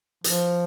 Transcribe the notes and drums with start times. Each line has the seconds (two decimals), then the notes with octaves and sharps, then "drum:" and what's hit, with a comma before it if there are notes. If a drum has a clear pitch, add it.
0.24 F3, drum: hi-hat